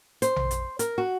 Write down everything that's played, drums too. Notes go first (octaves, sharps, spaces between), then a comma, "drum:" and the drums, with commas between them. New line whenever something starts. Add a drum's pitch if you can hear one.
C5, drum: hi-hat
drum: tom A#1
drum: hi-hat
A#4, drum: hi-hat
F#4